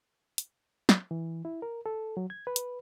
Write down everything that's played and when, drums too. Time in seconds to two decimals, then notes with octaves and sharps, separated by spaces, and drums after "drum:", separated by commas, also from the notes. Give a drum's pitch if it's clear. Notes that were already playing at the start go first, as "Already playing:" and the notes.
0.38 drum: hi-hat
0.89 drum: snare
1.11 E3
1.45 E4
1.62 A#4
1.86 A4
2.17 F#3
2.30 G#6
2.47 B4
2.56 drum: hi-hat